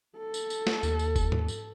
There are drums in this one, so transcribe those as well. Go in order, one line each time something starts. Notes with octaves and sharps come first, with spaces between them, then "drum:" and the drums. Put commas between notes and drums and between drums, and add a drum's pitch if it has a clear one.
A4
drum: tambourine
drum: tambourine
drum: snare
D#2, drum: tambourine
drum: tambourine
drum: kick F1, tambourine
drum: tom G#2
drum: tambourine